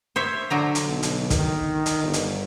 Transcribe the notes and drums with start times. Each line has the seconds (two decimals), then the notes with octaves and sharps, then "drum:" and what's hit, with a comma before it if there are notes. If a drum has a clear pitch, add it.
0.16 C5 C#5 E5
0.50 D3 F#3 A#5
0.75 drum: hi-hat
0.86 B1
1.03 drum: hi-hat
1.30 D#3, drum: kick, hi-hat
1.86 drum: hi-hat
2.03 G1
2.13 drum: hi-hat